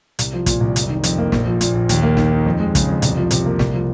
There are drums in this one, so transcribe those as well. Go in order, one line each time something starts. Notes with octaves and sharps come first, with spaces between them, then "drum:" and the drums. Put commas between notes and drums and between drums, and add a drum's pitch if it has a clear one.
C2, drum: hi-hat
F3
A#2, drum: kick, hi-hat
C2
F#1, drum: hi-hat
D#3
F2, drum: hi-hat
A#3
A#1, drum: snare
F3
A#2, drum: hi-hat
A#1
D#2, drum: hi-hat
A#3
D#3, drum: snare
D#4
F2
G#3
C#3, drum: kick, hi-hat
F2
C2, drum: hi-hat
F3
C3, drum: hi-hat
A#3
C2, drum: snare
F3